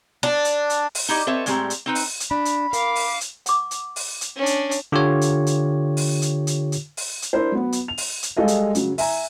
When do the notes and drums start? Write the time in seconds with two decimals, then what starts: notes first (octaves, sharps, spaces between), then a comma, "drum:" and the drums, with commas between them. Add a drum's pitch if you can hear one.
0.23 D4
0.45 drum: hi-hat
0.70 drum: hi-hat
0.95 drum: open hi-hat
1.09 D#4 E4 G4 D#5
1.27 C4 A4 B4 C#5 E5
1.46 A2 G3 G#3 C4 G4 A#5, drum: hi-hat
1.70 drum: hi-hat
1.86 C4 D#4 B4
1.95 drum: open hi-hat
2.20 drum: hi-hat
2.31 D4 B5
2.45 drum: hi-hat
2.73 A#4 F5 D6, drum: hi-hat
2.96 drum: open hi-hat
3.21 drum: hi-hat
3.46 F#5 D6, drum: hi-hat
3.71 drum: hi-hat
3.96 drum: open hi-hat
4.21 drum: hi-hat
4.36 C#4 D4
4.46 drum: hi-hat
4.71 drum: hi-hat
4.92 D3 F4 G4 C#5
5.21 drum: hi-hat
5.47 drum: hi-hat
5.97 drum: open hi-hat
6.22 drum: hi-hat
6.47 drum: hi-hat
6.72 drum: hi-hat
6.97 drum: open hi-hat
7.22 drum: hi-hat
7.33 D4 E4 A#4 C5
7.52 F#3 B3
7.72 drum: hi-hat
7.88 F7
7.98 drum: open hi-hat
8.23 drum: hi-hat
8.37 G3 G#3 A4 D#5 F5
8.48 drum: hi-hat
8.75 C#3 F#3, drum: hi-hat
8.98 E5 G#5 A#5, drum: open hi-hat